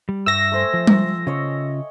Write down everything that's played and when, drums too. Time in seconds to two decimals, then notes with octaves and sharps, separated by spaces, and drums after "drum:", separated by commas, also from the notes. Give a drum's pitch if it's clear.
0.09 G3
0.26 G2 E5 G5 C#6 E6 A#6
0.52 A3 C5 G#5
0.74 F3
0.87 drum: tom G3
1.27 C#3 C#4 F4 C#5 D#5